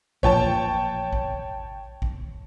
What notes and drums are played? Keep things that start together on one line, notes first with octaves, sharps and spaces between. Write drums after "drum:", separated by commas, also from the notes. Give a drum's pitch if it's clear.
A1 A#2 F3 C#5 G5 A5, drum: kick G#1
drum: kick G#1
drum: kick G#1